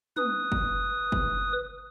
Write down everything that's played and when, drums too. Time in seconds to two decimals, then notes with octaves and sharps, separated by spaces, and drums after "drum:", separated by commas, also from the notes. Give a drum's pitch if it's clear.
0.17 B4 D#6, drum: tom
0.52 drum: kick
1.12 drum: kick